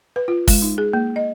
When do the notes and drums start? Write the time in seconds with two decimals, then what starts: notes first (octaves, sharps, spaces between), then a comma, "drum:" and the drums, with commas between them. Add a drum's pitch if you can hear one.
0.16 B4
0.28 F4
0.48 G#3, drum: kick, open hi-hat
0.62 D#4
0.78 G#4
0.93 A#3
1.16 D#5